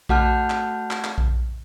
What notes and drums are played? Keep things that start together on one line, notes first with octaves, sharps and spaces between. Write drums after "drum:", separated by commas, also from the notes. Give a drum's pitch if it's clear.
A3 F#4 F#5 A5 F6 G6, drum: kick A#1
drum: clap
drum: clap
drum: clap
drum: kick A#1